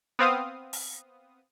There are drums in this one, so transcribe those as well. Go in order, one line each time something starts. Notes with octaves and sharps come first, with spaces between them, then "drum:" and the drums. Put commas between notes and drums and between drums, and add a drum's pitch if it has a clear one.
B3 C4 F5 D#6
drum: open hi-hat